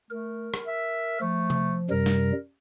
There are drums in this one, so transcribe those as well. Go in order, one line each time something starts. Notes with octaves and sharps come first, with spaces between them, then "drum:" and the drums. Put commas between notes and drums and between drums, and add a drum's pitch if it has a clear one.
A3 A#4
drum: rim click
E5
F3 A3
drum: tom C3
F#2 C3 G3 A#4
drum: snare